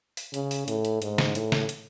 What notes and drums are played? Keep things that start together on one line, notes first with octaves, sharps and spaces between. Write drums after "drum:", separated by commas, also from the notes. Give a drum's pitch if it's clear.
drum: open hi-hat
C#3, drum: hi-hat
drum: open hi-hat
A2, drum: hi-hat
drum: hi-hat
G#2, drum: hi-hat
drum: snare
A2, drum: hi-hat
drum: snare
drum: hi-hat